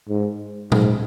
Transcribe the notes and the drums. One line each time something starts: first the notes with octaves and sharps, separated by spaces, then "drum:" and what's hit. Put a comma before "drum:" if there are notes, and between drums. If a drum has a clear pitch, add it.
G#2
G#2, drum: tom A#2